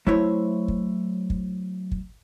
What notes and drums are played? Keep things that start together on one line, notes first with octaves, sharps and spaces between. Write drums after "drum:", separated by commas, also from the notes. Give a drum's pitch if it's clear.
F#3 A3 E4 C5 C#5, drum: kick
drum: kick
drum: kick
drum: kick